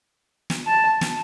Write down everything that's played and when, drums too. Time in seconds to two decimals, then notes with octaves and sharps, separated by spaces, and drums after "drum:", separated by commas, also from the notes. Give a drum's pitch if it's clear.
0.50 drum: snare
0.67 A5
1.01 drum: snare